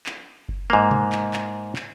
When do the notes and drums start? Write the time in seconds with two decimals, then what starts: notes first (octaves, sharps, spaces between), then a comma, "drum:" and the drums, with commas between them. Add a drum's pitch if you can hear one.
0.06 drum: clap
0.49 drum: kick F#1
0.70 G#2 A#3
0.91 drum: tom B2
1.12 drum: clap
1.34 drum: clap
1.76 drum: clap